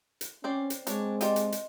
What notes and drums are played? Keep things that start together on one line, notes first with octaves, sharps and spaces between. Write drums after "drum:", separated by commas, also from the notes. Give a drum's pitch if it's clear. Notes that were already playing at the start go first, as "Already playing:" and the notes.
drum: hi-hat
C4 C#4 C5 D5
drum: hi-hat
G#3 C4 D4 C#5, drum: hi-hat
F3 G4 D5 D#5 C6, drum: hi-hat
drum: hi-hat
drum: hi-hat